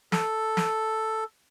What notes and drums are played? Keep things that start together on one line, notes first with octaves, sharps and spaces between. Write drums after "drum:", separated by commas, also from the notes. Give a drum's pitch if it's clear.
A4, drum: snare
drum: snare